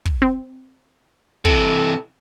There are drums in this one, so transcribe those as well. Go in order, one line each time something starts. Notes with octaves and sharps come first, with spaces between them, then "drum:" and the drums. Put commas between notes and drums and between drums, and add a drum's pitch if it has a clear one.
drum: kick
C4
C3 E3 A4, drum: kick